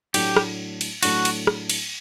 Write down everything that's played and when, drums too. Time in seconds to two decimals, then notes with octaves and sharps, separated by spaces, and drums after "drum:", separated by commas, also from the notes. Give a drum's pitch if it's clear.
0.14 A2 F#3 A3 D4 G4, drum: cymbal
0.36 drum: rim click
0.81 drum: cymbal
1.03 A2 F#3 A3 D4 F#4, drum: cymbal
1.25 drum: cymbal
1.47 drum: rim click
1.69 drum: cymbal